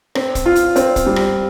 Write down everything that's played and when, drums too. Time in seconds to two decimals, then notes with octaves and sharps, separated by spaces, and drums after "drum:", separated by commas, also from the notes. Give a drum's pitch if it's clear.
0.15 C4, drum: rim click
0.35 drum: kick, hi-hat
0.46 F4
0.55 drum: hi-hat
0.76 C4, drum: hi-hat
0.96 drum: kick, hi-hat
1.06 G3
1.16 drum: rim click